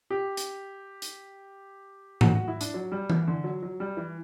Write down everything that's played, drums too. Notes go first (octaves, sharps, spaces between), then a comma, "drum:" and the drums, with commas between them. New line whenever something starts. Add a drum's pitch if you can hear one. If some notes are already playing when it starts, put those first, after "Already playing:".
G4
drum: hi-hat
drum: hi-hat
F#4, drum: tom
F#4
E4
D4, drum: hi-hat
F#3
G3
E3, drum: tom E3
D3
F#3
F#3
G3
E3